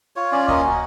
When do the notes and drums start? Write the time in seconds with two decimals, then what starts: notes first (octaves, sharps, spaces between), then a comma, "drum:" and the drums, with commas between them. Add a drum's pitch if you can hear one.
0.16 F4 C#5
0.32 C#4 D5
0.48 A#3 D#5, drum: kick D2
0.64 F#4